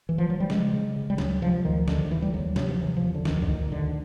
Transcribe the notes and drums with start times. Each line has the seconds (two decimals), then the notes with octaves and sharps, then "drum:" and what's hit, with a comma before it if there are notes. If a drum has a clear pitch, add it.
0.09 E3
0.18 F3
0.30 F#3
0.40 G3
0.50 C#3 G#3, drum: snare
0.73 C#3
0.96 C#3
1.10 G3
1.18 D2 F#3, drum: snare
1.41 C3 F3
1.65 D2 D#3
1.88 D#2 D3, drum: snare
2.10 D#2 E3
2.22 G3
2.34 D#2 F#3
2.56 C3 F#3, drum: snare
2.70 F3
2.80 C3 E3
2.97 F3
3.02 E2
3.14 D3
3.25 D2 D#3, drum: snare
3.42 D3, drum: kick C2
3.48 D2 D#3
3.71 D2 D3